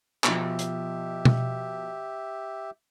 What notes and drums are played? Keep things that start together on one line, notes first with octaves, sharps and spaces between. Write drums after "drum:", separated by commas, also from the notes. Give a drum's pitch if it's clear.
B2 F3 G4 E5, drum: clap
drum: hi-hat
drum: tom